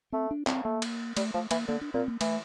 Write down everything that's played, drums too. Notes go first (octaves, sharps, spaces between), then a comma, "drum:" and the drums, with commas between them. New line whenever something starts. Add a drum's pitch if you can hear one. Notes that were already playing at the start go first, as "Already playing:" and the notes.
A3 C4
D4
C4, drum: clap
A3 A#3
drum: cymbal
G3 A3, drum: cymbal
F3 A3
E3 A#3, drum: cymbal
D3 A#3
D4
A#2 C4
A#3
E3 A3, drum: cymbal